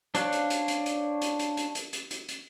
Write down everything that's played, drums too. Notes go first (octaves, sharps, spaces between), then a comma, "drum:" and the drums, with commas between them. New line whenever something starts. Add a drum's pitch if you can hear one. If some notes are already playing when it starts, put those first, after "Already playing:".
D4 C5 C#5 F5 F#6, drum: hi-hat
drum: hi-hat
drum: hi-hat
drum: hi-hat
drum: hi-hat
drum: hi-hat
drum: hi-hat
drum: hi-hat
drum: hi-hat
drum: hi-hat
drum: hi-hat
drum: hi-hat